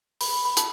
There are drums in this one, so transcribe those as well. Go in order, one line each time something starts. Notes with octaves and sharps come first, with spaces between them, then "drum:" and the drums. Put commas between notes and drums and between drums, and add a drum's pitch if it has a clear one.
B5, drum: open hi-hat
B5
B5
A5, drum: hi-hat